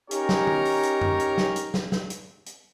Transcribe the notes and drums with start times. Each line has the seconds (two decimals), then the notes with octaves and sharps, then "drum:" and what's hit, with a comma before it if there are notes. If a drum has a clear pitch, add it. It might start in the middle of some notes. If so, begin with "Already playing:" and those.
0.11 C#4 D#4 G4 A#4 C#5, drum: hi-hat
0.29 drum: snare
0.47 drum: tom
0.65 drum: open hi-hat
0.83 drum: hi-hat
1.01 drum: tom F#2
1.20 drum: hi-hat
1.38 drum: snare
1.56 drum: hi-hat
1.74 drum: snare
1.92 drum: snare
2.10 drum: hi-hat
2.46 drum: hi-hat